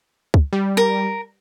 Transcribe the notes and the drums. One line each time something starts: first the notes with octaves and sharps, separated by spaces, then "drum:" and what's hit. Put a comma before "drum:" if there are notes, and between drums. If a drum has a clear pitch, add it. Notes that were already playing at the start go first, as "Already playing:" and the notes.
drum: kick
G3
A#4